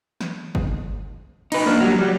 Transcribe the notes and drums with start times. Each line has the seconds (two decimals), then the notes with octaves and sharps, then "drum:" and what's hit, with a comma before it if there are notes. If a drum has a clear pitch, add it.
0.21 drum: snare
0.55 drum: kick G1
1.52 D#4 B4, drum: cymbal
1.66 A#3 D4
1.80 F#3 G3
1.99 F#3 G3